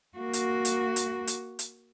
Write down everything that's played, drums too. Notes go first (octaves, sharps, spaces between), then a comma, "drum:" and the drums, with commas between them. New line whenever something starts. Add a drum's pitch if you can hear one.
A#3 F#4
drum: hi-hat
drum: hi-hat
drum: hi-hat
drum: hi-hat
drum: hi-hat